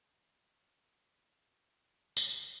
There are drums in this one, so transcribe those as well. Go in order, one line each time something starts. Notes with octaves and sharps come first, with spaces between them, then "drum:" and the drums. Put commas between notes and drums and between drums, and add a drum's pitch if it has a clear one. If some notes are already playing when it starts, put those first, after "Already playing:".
C#2 C3 A#5, drum: tambourine